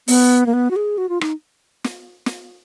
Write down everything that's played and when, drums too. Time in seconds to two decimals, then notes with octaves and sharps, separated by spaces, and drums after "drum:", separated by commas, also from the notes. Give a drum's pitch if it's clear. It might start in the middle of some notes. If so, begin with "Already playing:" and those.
0.08 B3, drum: open hi-hat
0.46 A#3
0.53 B3
0.71 F#4
0.76 G#4
0.98 F#4
1.09 F4
1.21 D#4, drum: rim click
1.84 drum: snare
2.26 drum: snare